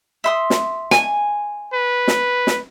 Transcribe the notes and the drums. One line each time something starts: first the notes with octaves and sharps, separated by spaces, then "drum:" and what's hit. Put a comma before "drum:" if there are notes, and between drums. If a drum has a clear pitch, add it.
E5 C6 D#6
drum: snare
G#5, drum: snare
B4
drum: snare
drum: snare